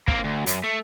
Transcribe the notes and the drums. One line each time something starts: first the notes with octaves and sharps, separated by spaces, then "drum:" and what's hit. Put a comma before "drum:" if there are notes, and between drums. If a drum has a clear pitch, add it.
A#3 C4, drum: kick
D2
F#2, drum: hi-hat
A3